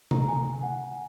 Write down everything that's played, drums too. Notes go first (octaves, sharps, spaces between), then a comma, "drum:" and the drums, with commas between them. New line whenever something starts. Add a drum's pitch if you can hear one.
A#5, drum: tom C3
G#5
F#5